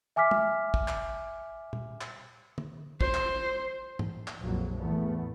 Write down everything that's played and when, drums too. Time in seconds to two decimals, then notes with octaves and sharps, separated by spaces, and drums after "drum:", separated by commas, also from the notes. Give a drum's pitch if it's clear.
0.16 E5 G#5 D6 F6 B6
0.31 drum: tom
0.74 drum: kick
0.88 drum: clap
1.73 drum: tom
2.01 drum: clap
2.58 drum: tom
3.01 C5, drum: kick
3.14 drum: clap
3.99 drum: tom
4.28 drum: clap
4.42 A#1 F2 F#3
4.79 E2 A2 A3 B3